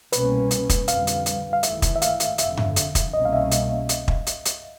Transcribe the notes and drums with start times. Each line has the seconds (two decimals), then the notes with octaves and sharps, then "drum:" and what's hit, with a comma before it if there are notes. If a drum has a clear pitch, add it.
0.12 C2 B2 G3 A#3 C#4 B4, drum: hi-hat
0.51 drum: hi-hat
0.69 drum: kick, hi-hat
0.88 F2 D3 G3 F5, drum: hi-hat
1.07 drum: hi-hat
1.26 drum: hi-hat
1.53 F5
1.63 G#1 G#2 E3 A3 E5, drum: hi-hat
1.82 drum: kick, hi-hat
1.96 E5
2.02 F5, drum: hi-hat
2.20 drum: hi-hat
2.38 F1 F2 D3 E5, drum: hi-hat
2.57 drum: tom G2
2.76 drum: hi-hat
2.95 drum: kick, hi-hat
3.13 C2 B2 G3 A#3 C#4 D#5
3.25 F5
3.33 E5
3.51 drum: hi-hat
3.89 drum: hi-hat
4.08 drum: kick
4.27 drum: hi-hat
4.45 drum: hi-hat